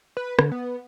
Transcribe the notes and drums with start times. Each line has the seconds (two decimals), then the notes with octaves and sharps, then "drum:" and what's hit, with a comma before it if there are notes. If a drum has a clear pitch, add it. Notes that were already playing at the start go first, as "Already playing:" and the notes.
0.17 B4
0.39 D3, drum: rim click
0.52 B3